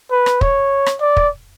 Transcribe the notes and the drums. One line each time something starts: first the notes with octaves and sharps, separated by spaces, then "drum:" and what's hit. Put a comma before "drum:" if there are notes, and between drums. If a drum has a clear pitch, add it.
B4
drum: rim click
C#5, drum: kick
drum: rim click
D5
drum: kick